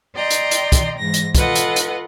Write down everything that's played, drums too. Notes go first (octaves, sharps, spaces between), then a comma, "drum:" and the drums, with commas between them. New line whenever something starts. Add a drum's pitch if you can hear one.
D5 D#5 G5 A#5 C6
drum: hi-hat
drum: hi-hat
drum: kick, hi-hat
G#2 E3 A#6
drum: hi-hat
F4 A4 B4 D#5 F#5, drum: kick, hi-hat
drum: hi-hat
drum: hi-hat